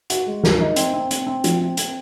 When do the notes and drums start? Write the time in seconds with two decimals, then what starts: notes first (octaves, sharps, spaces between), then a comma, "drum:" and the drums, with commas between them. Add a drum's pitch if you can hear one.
0.10 F#4, drum: hi-hat
0.27 G#3
0.44 A#4, drum: snare
0.60 D#4
0.76 C4, drum: hi-hat
0.94 C4
1.11 C4, drum: hi-hat
1.27 C4
1.44 F3, drum: hi-hat
1.61 C4
1.77 C4, drum: hi-hat